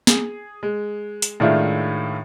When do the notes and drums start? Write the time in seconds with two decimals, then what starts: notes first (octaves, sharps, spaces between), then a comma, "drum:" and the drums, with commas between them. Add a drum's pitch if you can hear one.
0.07 G#4, drum: snare
0.63 G#3
1.22 drum: hi-hat
1.40 A2 D#3 G#3 D4 E4 F4